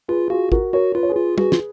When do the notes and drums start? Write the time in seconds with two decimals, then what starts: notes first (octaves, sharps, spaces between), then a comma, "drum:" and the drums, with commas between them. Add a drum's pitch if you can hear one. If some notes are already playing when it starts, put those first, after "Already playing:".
0.08 F4 G#4 B4
0.30 F4 F#4 G#4
0.52 F#4 A#4, drum: kick
0.73 F#4 A#4 C#5
0.95 F4 B4
1.03 C#5
1.09 G#4 B4
1.16 F4
1.38 F#4 G#4 B4, drum: tom
1.52 F4, drum: snare